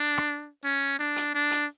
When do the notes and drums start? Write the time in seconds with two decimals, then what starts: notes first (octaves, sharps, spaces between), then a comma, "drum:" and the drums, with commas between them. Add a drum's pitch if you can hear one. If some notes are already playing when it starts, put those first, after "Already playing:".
Already playing: D4
0.18 drum: rim click
0.64 C#4
0.99 D4
1.16 drum: hi-hat
1.34 D4
1.51 drum: hi-hat